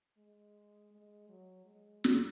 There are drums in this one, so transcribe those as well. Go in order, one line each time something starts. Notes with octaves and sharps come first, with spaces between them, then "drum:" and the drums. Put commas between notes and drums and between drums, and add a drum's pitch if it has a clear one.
G#3
G#3
F#3
G#3
drum: snare